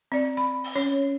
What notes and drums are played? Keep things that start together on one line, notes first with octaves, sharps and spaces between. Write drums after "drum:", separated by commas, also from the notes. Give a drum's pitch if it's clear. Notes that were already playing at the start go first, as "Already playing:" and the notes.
C4 D5
B5
drum: open hi-hat
C#4 C#5